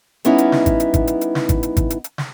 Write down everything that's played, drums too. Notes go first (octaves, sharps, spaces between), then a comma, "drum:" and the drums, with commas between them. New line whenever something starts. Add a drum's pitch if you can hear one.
G3 B3 C#4 D#4 E4, drum: hi-hat
drum: hi-hat
drum: snare
drum: kick G#1, hi-hat
drum: hi-hat
drum: kick G#1, hi-hat
drum: hi-hat
drum: hi-hat
drum: snare
drum: kick G#1, hi-hat
drum: hi-hat
drum: kick G#1, hi-hat
drum: hi-hat
drum: hi-hat
drum: snare